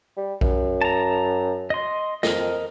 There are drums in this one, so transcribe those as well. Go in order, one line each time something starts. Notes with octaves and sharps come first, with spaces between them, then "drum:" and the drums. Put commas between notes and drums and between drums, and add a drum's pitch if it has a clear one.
G3
F#2, drum: kick A#1
A5 A#5
D#5 C6
F2 A#4 D#5, drum: snare